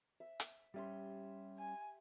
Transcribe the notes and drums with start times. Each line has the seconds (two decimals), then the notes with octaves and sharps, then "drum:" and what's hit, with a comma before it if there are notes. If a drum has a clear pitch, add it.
0.20 E5
0.40 drum: hi-hat
0.74 G3 C#4 G4 E5 C6
1.58 G#5